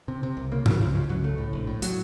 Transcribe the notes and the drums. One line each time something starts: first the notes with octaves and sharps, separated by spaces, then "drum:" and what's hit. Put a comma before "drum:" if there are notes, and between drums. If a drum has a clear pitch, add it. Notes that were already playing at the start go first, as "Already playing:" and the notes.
C3
C3
C2
C#3 A#3
C#3 F#3, drum: tom G2
C#2 F3
C#3 F3
C#2 F#3
C#2 A3
A2
A#1
A2
A2 F#3, drum: hi-hat